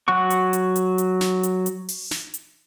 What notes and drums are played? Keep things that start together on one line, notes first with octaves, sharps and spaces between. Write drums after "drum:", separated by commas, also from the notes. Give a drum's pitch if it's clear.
F#3 F#4 F#5 C#6
drum: hi-hat
drum: hi-hat
drum: hi-hat
drum: hi-hat
drum: snare
drum: hi-hat
drum: hi-hat
drum: open hi-hat
drum: snare
drum: hi-hat